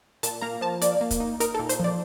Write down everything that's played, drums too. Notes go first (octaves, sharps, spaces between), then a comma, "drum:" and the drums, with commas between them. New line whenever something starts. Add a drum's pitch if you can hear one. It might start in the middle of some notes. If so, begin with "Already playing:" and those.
A#2 A5, drum: hi-hat
A#3 A#5
F3 A5
A#3 D5, drum: hi-hat
A#3
drum: kick, hi-hat
D#4
D#4 A#4, drum: hi-hat
A4
A#2
C5, drum: hi-hat
F3 D5